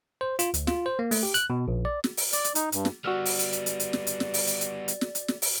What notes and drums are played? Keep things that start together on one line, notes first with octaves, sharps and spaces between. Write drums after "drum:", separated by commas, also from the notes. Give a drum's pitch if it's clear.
C5
F4, drum: hi-hat
D2, drum: hi-hat
F4, drum: snare
C5
A#3
A3, drum: open hi-hat
G4
F#6, drum: hi-hat
B2
A#1
D5
drum: snare
drum: open hi-hat
D5, drum: hi-hat
drum: hi-hat
D#4, drum: hi-hat
G2, drum: hi-hat
drum: snare
G3 B3 F#4 D5 E6 F6
drum: open hi-hat
drum: hi-hat
drum: hi-hat
drum: hi-hat
drum: hi-hat
drum: snare
drum: hi-hat
drum: snare
drum: open hi-hat
drum: hi-hat
drum: hi-hat
drum: hi-hat
drum: snare
drum: hi-hat
drum: snare
drum: open hi-hat